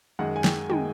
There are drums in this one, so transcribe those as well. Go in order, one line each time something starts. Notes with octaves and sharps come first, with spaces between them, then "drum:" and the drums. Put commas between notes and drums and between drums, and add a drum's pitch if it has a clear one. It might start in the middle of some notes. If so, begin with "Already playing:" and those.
F#2 D#3 G#3 F#5
G#5
G5, drum: snare
D#3 G#3 G5, drum: tom